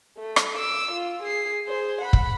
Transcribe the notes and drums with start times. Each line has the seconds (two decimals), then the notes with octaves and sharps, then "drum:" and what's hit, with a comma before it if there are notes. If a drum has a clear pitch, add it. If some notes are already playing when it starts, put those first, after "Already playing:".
0.18 A3
0.36 drum: rim click
0.58 D6 E6
0.91 F4
1.23 G#4 C7
1.67 G#4 C5
2.01 F#5 B5
2.13 drum: kick